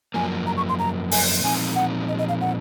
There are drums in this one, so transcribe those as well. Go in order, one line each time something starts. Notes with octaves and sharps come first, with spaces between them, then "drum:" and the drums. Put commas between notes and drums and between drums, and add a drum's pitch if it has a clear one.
F#2 F3 A#3 G#5
A#5
C#6
C6
A#5
G#5, drum: open hi-hat
A#2 F3 C4 D#4 G#5
F#5
D#5
D#5
F5
F#5